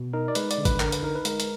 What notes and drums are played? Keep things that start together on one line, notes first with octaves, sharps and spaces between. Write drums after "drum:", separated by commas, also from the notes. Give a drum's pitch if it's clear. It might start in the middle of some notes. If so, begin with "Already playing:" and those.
Already playing: B2
D#4 A#4
D5
G#3 B4, drum: hi-hat
D5, drum: hi-hat
D3
B4, drum: kick, hi-hat
D3 A#4, drum: clap
B4, drum: hi-hat
D#4 A#4
B4
G#3 A#4, drum: hi-hat
drum: hi-hat